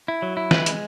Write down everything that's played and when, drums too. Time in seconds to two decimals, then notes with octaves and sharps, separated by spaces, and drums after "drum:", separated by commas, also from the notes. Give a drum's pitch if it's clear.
0.08 E4
0.22 F#3
0.37 E4
0.51 G#3 B4, drum: snare
0.66 G#3, drum: hi-hat